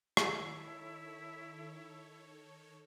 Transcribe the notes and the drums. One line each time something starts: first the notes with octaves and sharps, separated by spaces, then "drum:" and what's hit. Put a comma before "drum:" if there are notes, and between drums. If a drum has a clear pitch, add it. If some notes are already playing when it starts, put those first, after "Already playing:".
D#3 E4 A4 C#5, drum: rim click